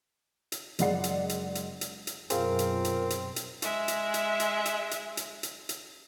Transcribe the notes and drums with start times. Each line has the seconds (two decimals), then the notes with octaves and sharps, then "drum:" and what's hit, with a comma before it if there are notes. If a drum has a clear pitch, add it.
0.52 drum: hi-hat
0.79 F#1 G#3 D5 F#5 C7, drum: hi-hat
1.04 drum: hi-hat
1.29 drum: hi-hat
1.55 drum: hi-hat
1.81 drum: hi-hat
2.07 drum: hi-hat
2.30 F#2 B2 C4 F4 G#4 A#4, drum: hi-hat
2.59 drum: hi-hat
2.85 drum: hi-hat
3.10 drum: hi-hat
3.36 drum: hi-hat
3.62 G#3 E5, drum: hi-hat
3.88 drum: hi-hat
4.14 drum: hi-hat
4.40 drum: hi-hat
4.65 drum: hi-hat
4.91 drum: hi-hat
5.17 drum: hi-hat
5.43 drum: hi-hat
5.69 drum: hi-hat